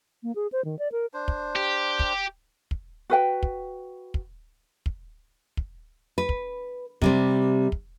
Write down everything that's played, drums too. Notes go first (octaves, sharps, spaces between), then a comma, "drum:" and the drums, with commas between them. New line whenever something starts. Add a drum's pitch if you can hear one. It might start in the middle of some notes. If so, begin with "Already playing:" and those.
A#3
G#4
C5
D#3
D5
A#4
D4 C5
drum: kick
G4
drum: kick
drum: kick
F#4 B4 G5
drum: kick
drum: kick
drum: kick
drum: kick
B4
drum: kick
C3 G3 C4, drum: kick
drum: kick